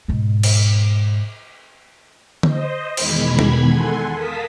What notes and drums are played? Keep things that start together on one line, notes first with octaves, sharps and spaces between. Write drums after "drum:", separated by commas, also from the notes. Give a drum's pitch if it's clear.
G#2 B2
drum: cymbal
C5 D#5, drum: tom D3
E2 B2 D#3 G#3 B5 G#6, drum: cymbal
drum: tom B2
A4 F#5 G#5 C6
A#4 F5 A5 D#6 B6